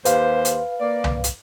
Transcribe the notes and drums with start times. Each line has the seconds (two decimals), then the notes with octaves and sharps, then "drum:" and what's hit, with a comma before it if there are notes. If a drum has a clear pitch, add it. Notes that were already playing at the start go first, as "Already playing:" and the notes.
0.05 D#2 G4 B4 C5 F5, drum: hi-hat
0.45 drum: hi-hat
0.80 A#3 D5
1.04 drum: tom C2
1.24 drum: hi-hat